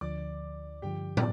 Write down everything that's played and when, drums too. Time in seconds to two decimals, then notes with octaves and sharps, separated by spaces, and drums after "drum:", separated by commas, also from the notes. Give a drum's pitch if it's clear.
0.01 D2 D3 F3 D5 D6
0.82 G2 D3 F3 G4 G5
1.17 D5, drum: tom